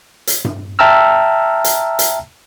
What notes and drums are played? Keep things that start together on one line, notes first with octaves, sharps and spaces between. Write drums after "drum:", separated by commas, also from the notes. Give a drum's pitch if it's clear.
drum: hi-hat
drum: tom G2
E5 G5 A5 A#5 E6 F6
drum: hi-hat
drum: hi-hat